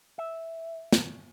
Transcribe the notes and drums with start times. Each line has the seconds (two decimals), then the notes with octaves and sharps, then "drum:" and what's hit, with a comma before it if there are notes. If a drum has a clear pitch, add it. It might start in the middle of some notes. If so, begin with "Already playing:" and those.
0.18 E5
0.92 drum: snare